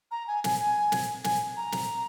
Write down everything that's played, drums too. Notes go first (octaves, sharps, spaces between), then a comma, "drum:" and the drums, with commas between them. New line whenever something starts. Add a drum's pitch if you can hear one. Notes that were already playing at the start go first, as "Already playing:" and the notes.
A#5
G#5
G#5, drum: snare
G#5
drum: snare
G#5, drum: snare
A#5
drum: snare